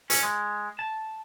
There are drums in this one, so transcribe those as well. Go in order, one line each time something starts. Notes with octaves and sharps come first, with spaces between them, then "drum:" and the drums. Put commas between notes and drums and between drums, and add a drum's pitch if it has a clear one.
C#4, drum: hi-hat
G#3
A5